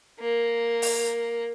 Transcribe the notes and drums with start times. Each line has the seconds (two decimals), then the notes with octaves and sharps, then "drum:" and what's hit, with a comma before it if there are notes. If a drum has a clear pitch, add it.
0.20 A#3
0.82 drum: open hi-hat